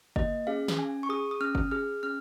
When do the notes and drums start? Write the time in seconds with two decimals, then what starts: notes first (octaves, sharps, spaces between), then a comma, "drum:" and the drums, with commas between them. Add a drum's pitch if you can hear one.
0.16 A#3 D#5, drum: kick G1
0.47 C#4 G#4 F5
0.68 drum: snare
0.79 C#4 G#5
1.03 C#6
1.09 G#4 D#6
1.31 D#6
1.41 C#4 F6
1.55 drum: kick G1
1.71 G#4 F6
2.03 C#4 F6